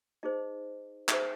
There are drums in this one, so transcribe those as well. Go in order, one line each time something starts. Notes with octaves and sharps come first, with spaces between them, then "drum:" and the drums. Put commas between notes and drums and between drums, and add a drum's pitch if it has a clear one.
D#4 G#4 C5 D#5
D#4 G#4 C5 E5, drum: clap